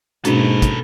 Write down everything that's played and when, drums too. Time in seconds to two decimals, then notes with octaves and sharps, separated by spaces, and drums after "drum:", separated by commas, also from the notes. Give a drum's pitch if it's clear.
0.25 G#2 B2 A#3 C#4 D4 F#4 A4 B4, drum: hi-hat
0.62 drum: kick, hi-hat